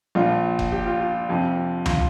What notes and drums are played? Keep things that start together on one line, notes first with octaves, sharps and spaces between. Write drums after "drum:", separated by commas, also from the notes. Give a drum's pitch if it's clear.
A#1 A#2 F3 F4
drum: kick F#1
G4
F4
F4
F2 C3 F3
F4, drum: tom C#2